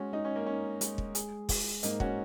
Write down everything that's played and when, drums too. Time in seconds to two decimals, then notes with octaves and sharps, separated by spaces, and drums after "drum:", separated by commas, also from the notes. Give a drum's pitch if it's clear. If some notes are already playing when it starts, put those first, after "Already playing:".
Already playing: G#3 C#4 F#4
0.13 G#3 D#4
0.25 C#4
0.36 A#3
0.46 C#4 D#4
0.81 G#3, drum: hi-hat
0.98 drum: kick
1.15 G#4, drum: hi-hat
1.49 G#4, drum: kick, open hi-hat
1.83 G#2 A#3 D#4, drum: hi-hat
2.00 C#4 F#4, drum: kick